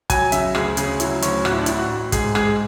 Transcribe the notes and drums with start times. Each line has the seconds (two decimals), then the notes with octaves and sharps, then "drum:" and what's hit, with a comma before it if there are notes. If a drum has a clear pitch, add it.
0.10 F#3 G#5, drum: kick, hi-hat
0.32 C#3 E5, drum: hi-hat
0.55 D2 G#4, drum: rim click
0.77 C#3 G#4, drum: hi-hat
1.00 F#3 E4, drum: hi-hat
1.22 D2 C#4, drum: hi-hat
1.45 A1 F#4, drum: rim click
1.52 E4
1.59 D4
1.66 A1 E4, drum: hi-hat
1.78 F#4
1.90 A1
2.12 G#2 G#4, drum: kick, hi-hat
2.35 G#3 G#4, drum: rim click